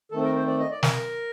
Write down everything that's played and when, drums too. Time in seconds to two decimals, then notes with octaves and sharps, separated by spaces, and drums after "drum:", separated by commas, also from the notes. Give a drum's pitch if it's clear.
0.11 D#3 A3 C4 A4
0.24 A#4
0.35 C5
0.47 D5
0.59 D#5
0.71 D5
0.83 A#4, drum: snare